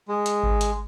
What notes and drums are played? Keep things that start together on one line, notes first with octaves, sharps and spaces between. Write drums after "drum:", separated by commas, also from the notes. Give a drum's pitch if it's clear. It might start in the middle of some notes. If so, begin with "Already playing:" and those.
G#3
drum: hi-hat
drum: kick G#1
drum: hi-hat